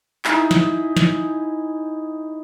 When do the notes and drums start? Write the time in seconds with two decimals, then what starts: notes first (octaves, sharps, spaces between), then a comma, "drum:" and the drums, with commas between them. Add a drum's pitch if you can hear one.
0.25 D#4 E4 G#4, drum: clap
0.51 drum: snare
0.97 drum: snare